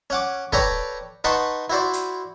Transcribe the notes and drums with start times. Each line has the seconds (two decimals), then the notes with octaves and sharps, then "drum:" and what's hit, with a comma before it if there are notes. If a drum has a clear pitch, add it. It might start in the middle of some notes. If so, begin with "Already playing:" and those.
0.10 C#4 F#5 D6
0.52 A4 B4 C#5 D5 G5 A#5, drum: kick
1.24 D#4 B4 F#5 A5 C6 C#6
1.70 E4 F#4 C5 D5
1.93 drum: hi-hat